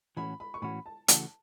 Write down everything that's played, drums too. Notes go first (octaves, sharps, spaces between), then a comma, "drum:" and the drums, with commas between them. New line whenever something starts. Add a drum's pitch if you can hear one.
A2 E3 C#4 F#4 B5
B5
C#6
A2 E3 C#4 F#4 B5
A5
C#3 E3 A3 F#4 A5, drum: hi-hat